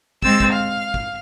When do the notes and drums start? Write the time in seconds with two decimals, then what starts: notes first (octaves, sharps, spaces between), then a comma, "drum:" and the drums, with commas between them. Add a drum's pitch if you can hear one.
0.22 G#3 C4 E6 A6, drum: kick
0.40 drum: kick
0.53 F5
0.94 drum: kick